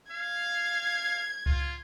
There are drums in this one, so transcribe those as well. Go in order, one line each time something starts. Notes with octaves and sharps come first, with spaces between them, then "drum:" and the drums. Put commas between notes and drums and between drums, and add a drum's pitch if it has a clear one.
F5 G#6
F4, drum: kick C#2